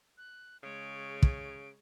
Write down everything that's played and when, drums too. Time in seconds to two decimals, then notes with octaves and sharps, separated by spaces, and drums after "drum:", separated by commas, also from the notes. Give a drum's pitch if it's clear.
0.18 F#6
0.63 C#3 G#3 C#5 D7
1.23 drum: kick